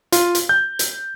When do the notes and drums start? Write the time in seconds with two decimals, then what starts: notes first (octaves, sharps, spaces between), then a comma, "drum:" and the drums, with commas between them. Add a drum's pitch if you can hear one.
0.12 F4, drum: hi-hat
0.35 drum: hi-hat
0.49 G6
0.79 drum: hi-hat